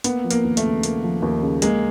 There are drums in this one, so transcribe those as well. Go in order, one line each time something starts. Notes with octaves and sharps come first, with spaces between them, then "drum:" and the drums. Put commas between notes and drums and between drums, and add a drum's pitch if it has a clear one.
A#3 B3, drum: hi-hat
F3
A#3, drum: hi-hat
D#2
A3, drum: hi-hat
C#3
A#3, drum: hi-hat
F3
D#2
C#3
G#3 A#3, drum: hi-hat